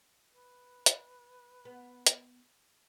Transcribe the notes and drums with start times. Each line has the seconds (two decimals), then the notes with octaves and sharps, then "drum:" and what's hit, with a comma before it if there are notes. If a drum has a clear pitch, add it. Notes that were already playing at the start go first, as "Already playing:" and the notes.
0.34 B4
0.86 drum: hi-hat
1.65 B3
2.07 drum: hi-hat